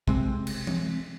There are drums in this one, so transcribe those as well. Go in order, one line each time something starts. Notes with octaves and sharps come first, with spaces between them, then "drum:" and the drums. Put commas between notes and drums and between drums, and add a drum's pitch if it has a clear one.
C3 G#3 C4, drum: kick
drum: cymbal
drum: tom E3